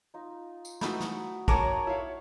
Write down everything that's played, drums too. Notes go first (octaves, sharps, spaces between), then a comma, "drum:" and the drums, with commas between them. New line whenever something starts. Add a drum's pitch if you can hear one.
D#4 F4
drum: tambourine
E3 A3 D#4 F#4 B5, drum: snare
drum: snare
A4 A#4 C#5 F#5 G#5 A#5 D6, drum: kick
E4 F5